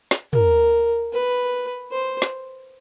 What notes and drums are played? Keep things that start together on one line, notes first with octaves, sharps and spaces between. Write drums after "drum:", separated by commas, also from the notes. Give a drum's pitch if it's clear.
drum: snare
A#4, drum: tom
B4
C5
drum: snare